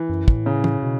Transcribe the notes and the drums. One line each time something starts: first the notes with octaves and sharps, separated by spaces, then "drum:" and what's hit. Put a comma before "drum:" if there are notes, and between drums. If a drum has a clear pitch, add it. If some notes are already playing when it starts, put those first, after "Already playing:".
Already playing: E3
F#2
A2, drum: kick
C#3
drum: tom
B2